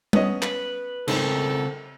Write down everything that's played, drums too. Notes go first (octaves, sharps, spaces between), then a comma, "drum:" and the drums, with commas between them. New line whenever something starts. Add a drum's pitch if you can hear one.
B3 C#4 D#5, drum: tom G3
B4, drum: clap
G#2 C#3 C4 A4 A#4, drum: cymbal